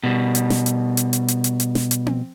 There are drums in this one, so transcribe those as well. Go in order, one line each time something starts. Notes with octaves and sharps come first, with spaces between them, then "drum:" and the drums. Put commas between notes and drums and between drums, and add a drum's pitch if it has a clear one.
B2 G3
drum: hi-hat
drum: snare
drum: hi-hat
drum: hi-hat
drum: hi-hat
drum: hi-hat
drum: hi-hat
drum: hi-hat
drum: snare
drum: hi-hat
drum: tom C4